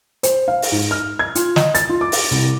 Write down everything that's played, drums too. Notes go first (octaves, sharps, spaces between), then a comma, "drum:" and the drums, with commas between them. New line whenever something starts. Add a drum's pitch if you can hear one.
C5, drum: hi-hat
F5
drum: open hi-hat
G#2
F6
G#6
F4, drum: hi-hat
D#5, drum: snare
A6, drum: hi-hat
F4
D6
drum: open hi-hat
C2